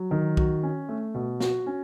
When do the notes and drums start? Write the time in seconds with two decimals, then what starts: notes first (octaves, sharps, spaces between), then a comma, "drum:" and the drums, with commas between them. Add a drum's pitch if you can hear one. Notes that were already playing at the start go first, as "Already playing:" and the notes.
Already playing: F#3
0.11 D#3
0.37 F#4, drum: kick B1
0.63 C#4
0.89 A3
1.15 B2
1.40 F#4, drum: snare
1.67 C#4